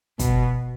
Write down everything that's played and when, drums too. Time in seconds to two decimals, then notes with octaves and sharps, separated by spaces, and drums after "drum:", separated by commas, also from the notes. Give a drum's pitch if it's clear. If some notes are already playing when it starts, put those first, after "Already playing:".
0.19 B2, drum: kick, hi-hat